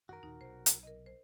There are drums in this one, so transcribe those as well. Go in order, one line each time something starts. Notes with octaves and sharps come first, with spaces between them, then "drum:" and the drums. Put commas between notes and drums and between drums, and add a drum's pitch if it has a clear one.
F#2 D#3 F#4 A#4
D#2 A#2 D#4
B1 C3 C5
drum: hi-hat
A#4 D#5
C5